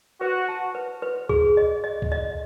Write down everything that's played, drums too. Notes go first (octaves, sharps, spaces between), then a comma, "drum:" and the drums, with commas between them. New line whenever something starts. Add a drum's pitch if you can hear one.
F#4 B4
A5
B4
B4
G#4, drum: kick C#2
D#5
D#5
drum: kick C#2
D#5